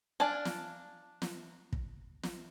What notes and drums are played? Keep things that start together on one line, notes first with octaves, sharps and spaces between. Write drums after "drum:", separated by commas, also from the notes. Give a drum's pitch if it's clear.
D4 D5 F5 G#5 A5
drum: snare
drum: snare
drum: kick
drum: snare